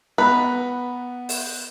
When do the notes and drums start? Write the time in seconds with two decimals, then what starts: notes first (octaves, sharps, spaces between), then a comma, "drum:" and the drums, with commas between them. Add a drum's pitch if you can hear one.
0.18 B3 B4 A#5 B6
1.29 drum: open hi-hat